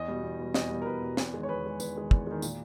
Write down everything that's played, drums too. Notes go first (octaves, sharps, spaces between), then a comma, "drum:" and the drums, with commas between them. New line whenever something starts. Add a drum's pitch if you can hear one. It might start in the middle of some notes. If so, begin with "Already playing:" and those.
Already playing: E2 D#5
B2 G3
E2
B2 G3
E2 D#5, drum: snare
B2 G3
A#4
E2 B4
B2 G3
E2, drum: snare
D#3 G#3
C#5
E2 B4
D#3 G#3
E2 B4, drum: tambourine
D#3 G#3
E2, drum: kick
D#3 G#3
A#2, drum: tambourine